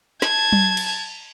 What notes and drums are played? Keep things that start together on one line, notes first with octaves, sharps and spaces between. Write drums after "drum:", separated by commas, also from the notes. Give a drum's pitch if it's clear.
A5 G#6, drum: snare
drum: tom F#3
drum: cymbal